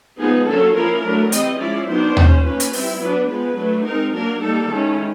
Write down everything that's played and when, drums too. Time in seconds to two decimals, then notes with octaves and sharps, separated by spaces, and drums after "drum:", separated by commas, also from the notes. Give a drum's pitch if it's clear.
0.19 F3 G#3 B3 D#4 G#4
0.47 D3 F#3 A#3 C#4 A4
0.75 F3 A#3 C#4 E4 A#4
1.04 F#3 A3 D4
1.32 E3 G3 C4 D#5, drum: hi-hat
1.60 F3 G#3 C#4 E4 D5
1.89 D#3 F#3 B3 D4 C5
2.17 G3 A#3 C#4, drum: tom D#2
2.45 F3 A#3 C#4 B4
2.60 drum: hi-hat
2.73 G3 C4 E4, drum: open hi-hat
3.01 F#3 B3 D4 B4
3.29 F3 G#3 B3 B4
3.57 F#3 A3 D4
3.85 G#3 C4 D#4 A#4
4.13 F#3 A#3 D4 A#4
4.42 G3 A#3 D#4 A4
4.70 D#3 G#3 C#4 E4